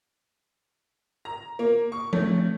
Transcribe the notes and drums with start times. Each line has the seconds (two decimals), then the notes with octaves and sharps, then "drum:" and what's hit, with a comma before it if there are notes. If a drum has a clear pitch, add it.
1.25 A#5
1.59 A#3
1.92 C#6
2.13 A3, drum: tom F3